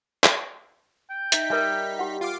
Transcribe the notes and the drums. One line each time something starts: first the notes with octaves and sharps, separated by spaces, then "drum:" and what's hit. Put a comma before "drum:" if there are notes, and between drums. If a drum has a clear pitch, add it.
drum: clap
G5
D#4 E5 B6, drum: hi-hat
G3 A#4 E5
G4 F#5
F4 F5 D6